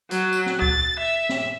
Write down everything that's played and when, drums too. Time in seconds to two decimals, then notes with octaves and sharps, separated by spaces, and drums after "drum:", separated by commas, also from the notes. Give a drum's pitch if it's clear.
0.11 F#3, drum: hi-hat
0.33 drum: tambourine
0.46 drum: snare
0.62 A6, drum: kick C#2
1.00 E5
1.29 drum: snare